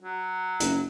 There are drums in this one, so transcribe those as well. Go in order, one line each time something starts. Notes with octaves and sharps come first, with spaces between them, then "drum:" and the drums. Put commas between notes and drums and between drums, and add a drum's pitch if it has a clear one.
F#3
F#1, drum: hi-hat